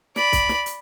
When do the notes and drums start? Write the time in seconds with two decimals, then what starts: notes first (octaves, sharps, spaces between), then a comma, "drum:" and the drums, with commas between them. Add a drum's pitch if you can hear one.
0.16 D5 B5, drum: snare
0.33 drum: kick C2, hi-hat
0.49 drum: snare
0.66 drum: hi-hat